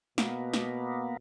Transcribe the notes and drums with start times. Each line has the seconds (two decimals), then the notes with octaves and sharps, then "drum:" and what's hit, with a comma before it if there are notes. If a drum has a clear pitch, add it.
0.18 B2 A#3 B3, drum: snare
0.54 drum: snare